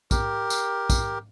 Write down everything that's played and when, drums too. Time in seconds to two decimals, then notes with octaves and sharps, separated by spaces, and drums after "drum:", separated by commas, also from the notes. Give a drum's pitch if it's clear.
0.11 G4 A#4, drum: kick, tambourine
0.50 drum: tambourine
0.90 drum: kick, tambourine